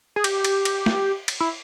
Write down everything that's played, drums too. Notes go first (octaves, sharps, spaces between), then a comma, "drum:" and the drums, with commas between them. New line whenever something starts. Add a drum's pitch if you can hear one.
G#4
G4, drum: cymbal
drum: cymbal
drum: cymbal
drum: snare
drum: cymbal
E4